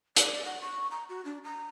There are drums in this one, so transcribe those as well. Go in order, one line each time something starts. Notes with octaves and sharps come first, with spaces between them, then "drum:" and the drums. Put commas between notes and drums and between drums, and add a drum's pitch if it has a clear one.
D5, drum: hi-hat
F#5
C#6
A#5
F#4
D4
A#5